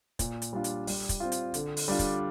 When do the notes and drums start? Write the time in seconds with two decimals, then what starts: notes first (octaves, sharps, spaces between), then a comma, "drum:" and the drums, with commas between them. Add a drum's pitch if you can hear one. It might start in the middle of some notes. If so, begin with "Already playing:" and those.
0.19 A#2, drum: kick, hi-hat
0.42 drum: hi-hat
0.53 G3 D4 F4
0.64 drum: hi-hat
0.87 G3, drum: open hi-hat
1.09 drum: kick, hi-hat
1.20 C4 F4
1.32 drum: hi-hat
1.54 D3, drum: hi-hat
1.77 drum: open hi-hat
1.88 G3 D4 F4
1.99 drum: kick, hi-hat